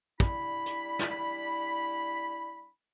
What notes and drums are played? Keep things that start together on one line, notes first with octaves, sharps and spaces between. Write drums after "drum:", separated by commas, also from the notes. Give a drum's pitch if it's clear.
G3 D4 E4 B5, drum: kick
drum: hi-hat
drum: snare